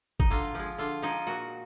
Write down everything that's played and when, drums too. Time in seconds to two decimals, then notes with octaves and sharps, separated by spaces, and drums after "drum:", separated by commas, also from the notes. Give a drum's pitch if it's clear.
0.20 D#4, drum: kick G1
0.30 D3 F4
0.55 F3 G#3
0.78 D3 F4
1.02 F3 G#3 D#4
1.27 A#2 F#4